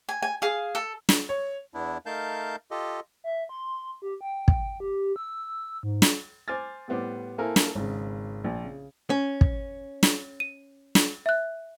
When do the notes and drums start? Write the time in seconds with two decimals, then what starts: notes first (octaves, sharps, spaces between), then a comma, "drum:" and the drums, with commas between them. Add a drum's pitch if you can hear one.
0.09 G#5
0.22 G#5
0.42 G#4 F5
0.75 A4
1.09 drum: snare
1.29 C#5
1.74 E2 B3 D4 E4
2.06 A3 D#4 A#4 F5 A5 G6
2.71 F4 G4 A4 D#5
3.24 E5
3.49 C6
4.02 G4
4.21 G5
4.48 drum: kick
4.80 G4
5.16 E6
5.83 G#2
6.02 drum: snare
6.48 C5 G#5 D6 F6 A6
6.88 A2 G3 B3 C5 D6
7.38 A#3 E4 A4 A#4 C5 G#5
7.56 drum: snare
7.75 G#1 G#2 C#3
8.44 A#1
8.64 C#3
9.10 C#4
9.41 drum: kick
10.03 drum: snare
10.40 D#7
10.95 drum: snare
11.26 E5 F#6